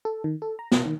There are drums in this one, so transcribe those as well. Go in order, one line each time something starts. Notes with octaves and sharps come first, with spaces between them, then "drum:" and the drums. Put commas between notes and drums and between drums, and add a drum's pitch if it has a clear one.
A4
D#3
A4
A#5
B2, drum: snare
D#3